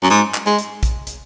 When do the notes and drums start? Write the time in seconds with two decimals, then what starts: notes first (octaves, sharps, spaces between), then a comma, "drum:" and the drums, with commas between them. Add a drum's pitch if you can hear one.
0.03 F#2
0.10 G#2, drum: hi-hat
0.34 drum: clap
0.46 G#3
0.58 drum: hi-hat
0.83 drum: kick, hi-hat
1.07 drum: hi-hat